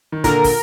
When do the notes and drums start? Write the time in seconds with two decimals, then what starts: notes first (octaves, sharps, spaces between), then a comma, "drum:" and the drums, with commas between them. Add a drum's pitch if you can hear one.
0.12 D#3
0.24 A#2 D3 A#4, drum: kick, hi-hat
0.44 drum: kick, open hi-hat